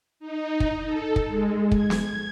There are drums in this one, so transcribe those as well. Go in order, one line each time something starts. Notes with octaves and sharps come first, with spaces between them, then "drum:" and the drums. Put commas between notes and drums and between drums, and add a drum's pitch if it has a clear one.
D#4
drum: kick
A4
drum: kick
G#3
G#6, drum: kick
drum: snare